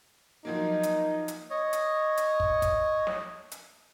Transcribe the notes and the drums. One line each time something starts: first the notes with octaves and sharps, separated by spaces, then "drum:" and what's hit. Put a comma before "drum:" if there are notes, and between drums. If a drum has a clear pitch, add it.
F3 F#3 A#3 D#4
drum: hi-hat
drum: hi-hat
C#5 D#5
drum: hi-hat
drum: hi-hat
drum: kick
drum: kick, hi-hat
drum: snare
drum: hi-hat